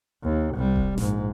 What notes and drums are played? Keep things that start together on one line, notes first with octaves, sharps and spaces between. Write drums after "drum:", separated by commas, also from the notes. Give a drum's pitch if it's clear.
D#2
C2 G3
drum: kick D#1
A#1 G#2, drum: snare